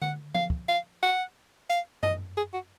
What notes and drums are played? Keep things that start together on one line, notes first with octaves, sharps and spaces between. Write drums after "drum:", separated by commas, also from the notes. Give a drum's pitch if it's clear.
F#5, drum: tom D3
F5, drum: tom F3
drum: kick
F5
F#5
F5, drum: hi-hat
D#5, drum: tom F#2
G#4
F#4